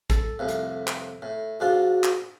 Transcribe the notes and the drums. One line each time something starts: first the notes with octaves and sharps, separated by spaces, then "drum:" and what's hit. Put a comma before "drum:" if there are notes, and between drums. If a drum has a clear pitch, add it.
A4, drum: kick, hi-hat
C2 F2 A2
drum: hi-hat
drum: clap
A2
G#2 D4 F4 F#4
drum: clap